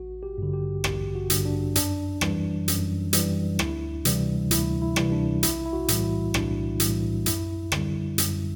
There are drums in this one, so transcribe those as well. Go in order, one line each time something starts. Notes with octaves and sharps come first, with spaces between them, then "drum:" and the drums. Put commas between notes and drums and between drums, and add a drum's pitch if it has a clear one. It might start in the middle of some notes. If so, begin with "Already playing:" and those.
Already playing: A1 F#4
G4
G2 D3
G4
A1 G4, drum: rim click
F#4
G2 D3, drum: hi-hat
D4
F#2 D4, drum: hi-hat
E3 G3, drum: rim click
F#2, drum: hi-hat
E3 G3, drum: hi-hat
D2 E4, drum: rim click
C3 E3 G3, drum: hi-hat
D2 E4, drum: hi-hat
E4
C3 E3 G3, drum: rim click
D4
B1 E4, drum: hi-hat
E4
F#4
A2 E3 G3, drum: hi-hat
E4
B1 D4, drum: rim click
A2 E3 G3, drum: hi-hat
F#2 E4, drum: hi-hat
D3 G3, drum: rim click
F#2, drum: hi-hat